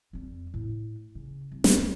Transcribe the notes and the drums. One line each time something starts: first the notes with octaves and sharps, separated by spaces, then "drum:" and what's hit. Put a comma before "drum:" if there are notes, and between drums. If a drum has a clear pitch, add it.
F2 G3
A2
C#3
C2
drum: snare